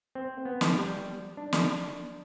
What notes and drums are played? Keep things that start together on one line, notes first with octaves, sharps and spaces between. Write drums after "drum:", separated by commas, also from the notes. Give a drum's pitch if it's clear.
C4
B3
drum: snare
G3
D4
drum: snare